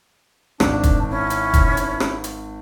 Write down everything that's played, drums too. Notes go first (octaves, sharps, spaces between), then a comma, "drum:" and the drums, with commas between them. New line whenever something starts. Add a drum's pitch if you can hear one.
G#1 D4, drum: rim click
drum: kick, hi-hat
C#4 E4
drum: hi-hat
drum: kick, hi-hat
drum: hi-hat
drum: rim click
drum: hi-hat